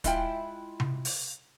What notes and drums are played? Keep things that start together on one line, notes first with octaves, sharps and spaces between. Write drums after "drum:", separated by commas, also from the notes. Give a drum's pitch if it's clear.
G#3 E4 F4 G5, drum: kick, hi-hat
drum: tom C3
drum: open hi-hat